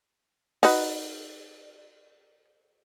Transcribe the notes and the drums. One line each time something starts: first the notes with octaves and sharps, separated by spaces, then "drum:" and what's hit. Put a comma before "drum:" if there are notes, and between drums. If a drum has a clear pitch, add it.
D#4 F#4 B4, drum: open hi-hat